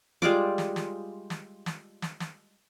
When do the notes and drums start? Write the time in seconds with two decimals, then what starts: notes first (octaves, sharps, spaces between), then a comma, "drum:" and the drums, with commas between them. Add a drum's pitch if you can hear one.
0.22 G3 G#3 F4 D6, drum: snare
0.58 drum: snare
0.76 drum: snare
1.30 drum: snare
1.66 drum: snare
2.02 drum: snare
2.20 drum: snare